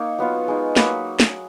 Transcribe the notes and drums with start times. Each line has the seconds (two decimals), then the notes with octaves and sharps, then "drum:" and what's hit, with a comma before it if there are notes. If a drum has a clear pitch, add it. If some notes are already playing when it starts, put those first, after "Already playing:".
Already playing: A#3 D#4 C#5
0.19 F#3 B3 F4
0.48 G#3 D#4
0.76 F#3 A#3 D#4 B4, drum: snare
1.20 drum: snare